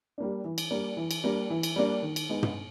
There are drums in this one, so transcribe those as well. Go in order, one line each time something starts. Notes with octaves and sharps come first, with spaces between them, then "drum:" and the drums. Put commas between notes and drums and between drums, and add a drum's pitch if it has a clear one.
G3 A#3 D4
E3
drum: cymbal
G3 A#3 D4
E3
drum: cymbal
G3 A#3 D4
E3
drum: cymbal
G3 A#3 D4
D#3
drum: cymbal
G#3 B3 D#4
drum: tom